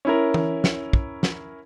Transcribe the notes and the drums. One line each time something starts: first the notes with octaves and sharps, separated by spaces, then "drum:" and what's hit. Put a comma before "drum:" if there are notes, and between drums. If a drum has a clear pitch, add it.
C#4 E4 A#4
drum: tom E3
drum: snare
drum: kick
drum: snare